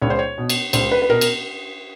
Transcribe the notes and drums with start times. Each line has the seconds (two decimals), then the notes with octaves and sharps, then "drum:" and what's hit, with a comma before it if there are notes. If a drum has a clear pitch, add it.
0.02 C#2 C#5
0.10 C5
0.19 C#5
0.38 B2
0.50 drum: cymbal
0.73 C#2 C5, drum: cymbal
0.92 B4
1.02 B4
1.09 B2 A#4
1.21 drum: cymbal